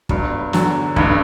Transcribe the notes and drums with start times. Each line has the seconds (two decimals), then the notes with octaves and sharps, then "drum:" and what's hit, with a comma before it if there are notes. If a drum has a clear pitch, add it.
0.09 G1 G2 F#3, drum: kick
0.53 E2 D3 F#3, drum: snare
0.96 A1 G2 D3, drum: kick